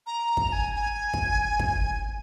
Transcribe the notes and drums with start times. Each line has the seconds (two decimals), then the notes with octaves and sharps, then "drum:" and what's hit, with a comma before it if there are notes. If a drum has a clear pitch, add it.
0.07 A#5
0.37 drum: kick
0.52 G#5
0.75 G#5
1.14 drum: kick
1.59 drum: kick